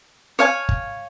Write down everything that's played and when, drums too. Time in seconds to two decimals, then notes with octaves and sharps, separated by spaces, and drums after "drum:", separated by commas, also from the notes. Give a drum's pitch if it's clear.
0.39 C#5 F5 G#5
0.69 drum: kick G1